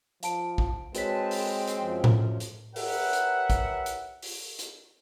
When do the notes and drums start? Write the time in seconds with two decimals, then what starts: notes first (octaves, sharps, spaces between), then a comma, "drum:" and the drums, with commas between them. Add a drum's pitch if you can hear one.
0.23 F3 F5 A5 D7, drum: hi-hat
0.58 drum: kick
0.95 G#3 C4 F#4 B4 C#5 A5 B6, drum: hi-hat
1.31 drum: open hi-hat
1.67 drum: hi-hat
1.80 F#2 F3
2.04 drum: tom A2
2.40 drum: hi-hat
2.76 G4 A#4 B4 C#5 E5 F#5, drum: open hi-hat
3.13 drum: hi-hat
3.50 drum: kick, hi-hat
3.86 drum: hi-hat
4.22 drum: open hi-hat
4.59 drum: hi-hat